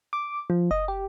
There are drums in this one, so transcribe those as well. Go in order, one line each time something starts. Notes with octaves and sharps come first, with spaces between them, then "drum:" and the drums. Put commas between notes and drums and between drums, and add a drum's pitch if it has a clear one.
D6
F3
D#5, drum: kick F#1
G4